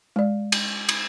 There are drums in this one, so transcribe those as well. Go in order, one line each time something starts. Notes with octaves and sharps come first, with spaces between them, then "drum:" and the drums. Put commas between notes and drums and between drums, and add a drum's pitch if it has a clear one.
G#3 D5
drum: cymbal
drum: cymbal